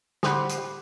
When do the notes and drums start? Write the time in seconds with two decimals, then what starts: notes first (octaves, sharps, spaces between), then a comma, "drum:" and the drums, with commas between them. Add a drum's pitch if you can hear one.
0.23 D3 G4 C5 F#5 B5, drum: snare
0.49 drum: hi-hat